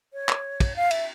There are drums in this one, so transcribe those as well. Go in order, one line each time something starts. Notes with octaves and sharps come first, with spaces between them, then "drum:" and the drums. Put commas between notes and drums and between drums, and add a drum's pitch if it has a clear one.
C#5
drum: clap
drum: kick, cymbal
F5
E5, drum: cymbal